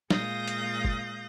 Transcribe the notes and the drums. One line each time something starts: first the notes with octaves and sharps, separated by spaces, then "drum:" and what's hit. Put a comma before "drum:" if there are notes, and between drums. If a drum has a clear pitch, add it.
A#2 G#3 F5 D#6 G6 A#6, drum: snare
drum: hi-hat
drum: kick